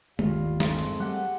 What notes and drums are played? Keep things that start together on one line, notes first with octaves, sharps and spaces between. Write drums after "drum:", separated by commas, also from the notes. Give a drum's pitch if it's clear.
G1 D#2 D#3 G3 F4, drum: tom G#3
G#3 A3 C4 C6, drum: snare
drum: cymbal
G3 G4 F#5